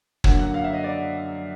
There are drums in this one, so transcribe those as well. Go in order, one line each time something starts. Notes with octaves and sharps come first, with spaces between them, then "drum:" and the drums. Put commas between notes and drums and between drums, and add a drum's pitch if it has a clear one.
F#2 D3 F#3 A#3 F#5, drum: kick
F#5
F5
E5
D#5
D5